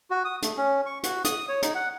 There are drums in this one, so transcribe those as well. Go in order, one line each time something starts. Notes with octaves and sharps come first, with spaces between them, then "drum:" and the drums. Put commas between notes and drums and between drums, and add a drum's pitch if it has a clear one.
F#4
D#6
A3, drum: hi-hat
C#4
C#6
F#4, drum: hi-hat
D#6, drum: hi-hat
C#5
D#4, drum: hi-hat
F#5